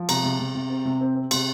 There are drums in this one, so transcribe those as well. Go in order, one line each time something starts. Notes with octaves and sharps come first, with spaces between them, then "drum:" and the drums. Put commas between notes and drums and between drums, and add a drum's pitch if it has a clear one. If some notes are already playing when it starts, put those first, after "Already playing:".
Already playing: F3
C3 A#5, drum: cymbal
C3
C3
C3
C4
C3
C4
C4
C3 C6, drum: cymbal